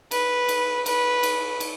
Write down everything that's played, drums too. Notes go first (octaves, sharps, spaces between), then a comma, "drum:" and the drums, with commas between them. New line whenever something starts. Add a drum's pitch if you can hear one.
B4, drum: cymbal
drum: cymbal
B4, drum: cymbal
drum: cymbal
drum: cymbal